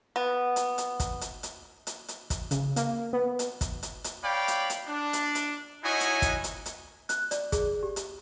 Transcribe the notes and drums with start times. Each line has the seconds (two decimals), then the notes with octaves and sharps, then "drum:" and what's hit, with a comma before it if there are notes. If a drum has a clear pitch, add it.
0.16 B3
0.56 drum: hi-hat
0.78 drum: hi-hat
1.00 drum: kick, hi-hat
1.21 drum: hi-hat
1.43 drum: hi-hat
1.87 drum: hi-hat
2.08 drum: hi-hat
2.30 drum: kick, hi-hat
2.51 C#3, drum: hi-hat
2.76 A#3, drum: hi-hat
3.13 B3
3.39 drum: hi-hat
3.61 drum: kick, hi-hat
3.83 drum: hi-hat
4.04 drum: hi-hat
4.23 C#5 D5 F5 G5 B5
4.48 drum: hi-hat
4.70 drum: hi-hat
4.87 D4
5.13 drum: hi-hat
5.35 drum: hi-hat
5.84 D#4 E4 F#4 C#5 D#5 G#5
6.00 drum: hi-hat
6.22 drum: kick, hi-hat
6.44 drum: hi-hat
6.66 drum: hi-hat
7.09 F#6, drum: hi-hat
7.31 D5, drum: hi-hat
7.52 G#4, drum: kick, hi-hat
7.83 G4
7.96 drum: hi-hat